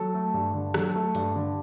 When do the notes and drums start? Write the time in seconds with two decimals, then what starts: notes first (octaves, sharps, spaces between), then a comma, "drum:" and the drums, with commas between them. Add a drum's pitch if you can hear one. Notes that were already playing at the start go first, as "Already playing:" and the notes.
Already playing: F#3 A4
0.14 A3
0.34 G2
0.54 D3
0.74 F#3 A4, drum: rim click
0.96 A3
1.15 G2, drum: hi-hat
1.36 D3